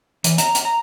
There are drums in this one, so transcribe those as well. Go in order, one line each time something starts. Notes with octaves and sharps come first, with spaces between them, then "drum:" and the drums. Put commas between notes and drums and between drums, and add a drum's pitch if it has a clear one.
E3, drum: hi-hat
A#5, drum: hi-hat
drum: hi-hat
A#5